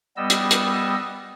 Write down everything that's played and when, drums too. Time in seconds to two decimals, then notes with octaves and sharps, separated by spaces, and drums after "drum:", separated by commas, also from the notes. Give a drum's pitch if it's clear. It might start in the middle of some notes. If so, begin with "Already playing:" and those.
0.17 G3 B3 D#5 E6
0.30 drum: hi-hat
0.51 drum: hi-hat